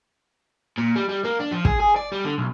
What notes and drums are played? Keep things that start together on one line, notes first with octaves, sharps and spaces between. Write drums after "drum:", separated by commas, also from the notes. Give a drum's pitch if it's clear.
A#2
G3
G3
A#3
D4
F3
G#4, drum: kick
G#4
D5
G3
D3
B1